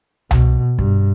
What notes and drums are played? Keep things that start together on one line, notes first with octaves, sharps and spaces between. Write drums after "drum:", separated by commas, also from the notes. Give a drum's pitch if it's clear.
B2, drum: tom C2
G2, drum: kick